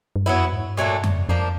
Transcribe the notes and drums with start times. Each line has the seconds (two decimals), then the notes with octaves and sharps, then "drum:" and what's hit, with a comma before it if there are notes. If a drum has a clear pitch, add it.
0.16 G2
0.26 F#2 F#3 B3 E4
0.39 F2
0.52 G#2
0.64 G2
0.77 A#2 F#3 A3 D4
1.03 drum: tom F2
1.29 F2 F3 A#3 D4